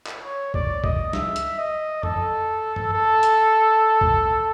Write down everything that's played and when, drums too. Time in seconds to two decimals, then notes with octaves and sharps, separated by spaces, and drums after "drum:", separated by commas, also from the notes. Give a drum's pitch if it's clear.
0.07 drum: clap
0.24 C#5
0.54 D5, drum: kick C2
0.84 D#5, drum: kick C2
1.13 E5, drum: snare
1.36 drum: hi-hat
1.59 D#5
2.03 A4, drum: tom F2
2.76 drum: tom G2
2.93 A4
3.23 drum: hi-hat
4.01 drum: kick C2